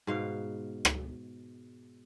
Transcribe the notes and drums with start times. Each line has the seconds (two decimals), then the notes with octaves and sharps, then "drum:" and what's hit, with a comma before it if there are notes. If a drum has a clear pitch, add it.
0.07 G#2 B2 F5
0.85 drum: rim click